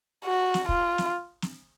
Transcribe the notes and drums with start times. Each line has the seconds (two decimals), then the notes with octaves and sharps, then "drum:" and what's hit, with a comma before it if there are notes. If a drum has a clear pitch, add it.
0.25 F#4
0.54 drum: snare
0.69 F4, drum: kick
0.98 drum: snare
1.42 drum: snare